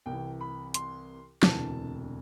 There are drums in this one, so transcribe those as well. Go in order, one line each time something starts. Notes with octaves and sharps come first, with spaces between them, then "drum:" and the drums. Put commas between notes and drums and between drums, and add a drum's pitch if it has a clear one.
C2 C3 E3 G5
B5
C6, drum: hi-hat
E1 D2 C3 E3 A5, drum: snare